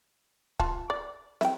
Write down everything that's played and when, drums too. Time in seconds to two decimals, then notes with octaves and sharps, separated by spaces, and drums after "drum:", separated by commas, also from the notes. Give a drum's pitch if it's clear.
0.60 F4 A5, drum: kick
0.90 D5
1.41 E5 G5, drum: snare